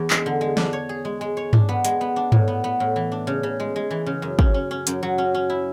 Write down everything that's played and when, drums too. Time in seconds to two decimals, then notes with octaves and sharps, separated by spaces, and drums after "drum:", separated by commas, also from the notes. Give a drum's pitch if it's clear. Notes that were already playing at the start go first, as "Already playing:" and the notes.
Already playing: E2
0.10 G#3, drum: clap
0.26 D3
0.41 G#3
0.57 D4, drum: snare
0.73 C#5
0.89 G#4
1.05 G#3
1.21 G#3
1.37 C#5
1.53 D4, drum: tom G#2
1.69 B3
1.85 G#3, drum: hi-hat
2.01 B3
2.16 D4
2.32 A2, drum: tom G#2
2.48 B3
2.64 B3
2.80 A2
2.96 E3
3.12 D4
3.27 C#3
3.43 C#3
3.60 G#3
3.76 G#3
3.91 E3
4.06 C#3
4.22 F#2
4.39 C#4, drum: kick
4.54 C#4
4.71 C#4
4.87 F#2, drum: hi-hat
5.03 F#3
5.18 C#4
5.34 C#4
5.50 E4